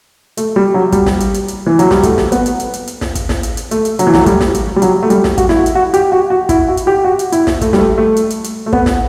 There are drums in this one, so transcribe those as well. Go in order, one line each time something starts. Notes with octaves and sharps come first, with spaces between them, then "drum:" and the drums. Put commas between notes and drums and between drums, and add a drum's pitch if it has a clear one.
A3, drum: hi-hat
G3
F#3
G3, drum: kick, hi-hat
drum: snare
drum: hi-hat
drum: hi-hat
drum: hi-hat
E3
F#3, drum: hi-hat
G3, drum: snare
A3, drum: kick, hi-hat
drum: snare
B3, drum: hi-hat
drum: hi-hat
drum: hi-hat
drum: hi-hat
drum: hi-hat
drum: snare
drum: kick, hi-hat
drum: snare
drum: hi-hat
drum: hi-hat
A3, drum: hi-hat
drum: hi-hat
F#3, drum: hi-hat
E3
F#3, drum: snare
A3
G3, drum: kick, hi-hat
drum: snare
drum: hi-hat
G3
F#3, drum: hi-hat
A3
G3, drum: hi-hat
drum: snare
F#4, drum: kick, hi-hat
E4, drum: snare
F#4
drum: hi-hat
F#4
G4, drum: hi-hat
F#4
F#4
E4, drum: kick, hi-hat
F#4
drum: hi-hat
G4
F#4
drum: hi-hat
E4, drum: hi-hat
drum: snare
A3, drum: kick, hi-hat
G3, drum: snare
A3
A3
drum: hi-hat
drum: hi-hat
drum: hi-hat
A3
B3, drum: kick
drum: snare